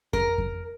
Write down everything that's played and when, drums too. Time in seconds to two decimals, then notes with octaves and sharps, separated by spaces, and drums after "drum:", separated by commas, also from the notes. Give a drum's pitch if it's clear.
0.13 A#4, drum: kick F2
0.38 drum: kick F2